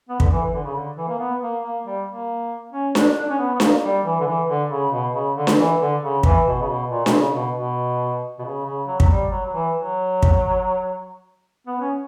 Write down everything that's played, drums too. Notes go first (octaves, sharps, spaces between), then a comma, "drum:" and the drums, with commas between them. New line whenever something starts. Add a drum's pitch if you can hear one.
B3
D3, drum: kick
E3
E3
D3
C#3
D3
E3
A#3
B3
A#3
A#3
G3
A#3
C#4
D4, drum: snare D4
D4
C#4
B3
B3
A#3, drum: snare D4
G3
E3
D3
E3
D3
C#3
B2
C#3
D3
drum: snare D4
E3
D3
C#3
E3, drum: kick
B2
C#3
B2
A#2
B2, drum: snare D4
C#3
B2
B2
B2
C#3
C#3
F#3
F#3, drum: kick
G3
F#3
F#3
E3
F#3
drum: kick
B3
C#4